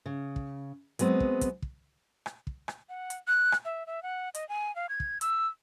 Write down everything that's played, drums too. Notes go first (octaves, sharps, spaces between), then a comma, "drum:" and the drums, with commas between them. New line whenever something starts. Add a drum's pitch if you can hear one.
C#3
drum: kick
F#3 G#3 B3 C4, drum: hi-hat
drum: kick
drum: kick, hi-hat
drum: kick
drum: rim click
drum: kick
drum: rim click
F#5
drum: hi-hat
F#6
drum: rim click
E5
E5
F#5
D#5, drum: hi-hat
G#5
F5
G#6
drum: kick
E6, drum: hi-hat